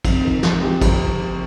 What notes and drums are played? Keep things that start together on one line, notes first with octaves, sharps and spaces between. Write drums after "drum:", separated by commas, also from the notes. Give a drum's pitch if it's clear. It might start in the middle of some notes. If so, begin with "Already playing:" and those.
F2, drum: kick, cymbal
D#3
F3, drum: snare
G4
drum: kick, cymbal